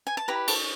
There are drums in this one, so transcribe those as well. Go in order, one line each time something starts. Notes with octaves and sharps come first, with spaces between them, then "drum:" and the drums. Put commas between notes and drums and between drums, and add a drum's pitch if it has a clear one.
G#5
A5
E4 G4 B4 A#5
A5, drum: cymbal